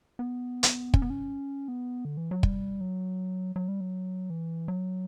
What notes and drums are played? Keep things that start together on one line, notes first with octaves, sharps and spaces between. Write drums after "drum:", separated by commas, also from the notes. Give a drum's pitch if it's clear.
B3
drum: hi-hat
C#4, drum: kick
B3
C#4
B3
D3
E3
F#3
G3, drum: kick
F#3
F#3
G3
F#3
E3
F#3